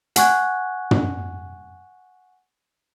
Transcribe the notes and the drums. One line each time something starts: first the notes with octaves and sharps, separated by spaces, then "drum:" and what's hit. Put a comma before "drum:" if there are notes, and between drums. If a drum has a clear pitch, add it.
F#5 G#5 C#6 F#6 G#6, drum: hi-hat
drum: tom